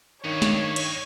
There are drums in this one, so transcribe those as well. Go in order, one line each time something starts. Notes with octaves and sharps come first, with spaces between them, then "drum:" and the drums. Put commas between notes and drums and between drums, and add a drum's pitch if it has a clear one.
G2 D#3 C#5
drum: snare
drum: cymbal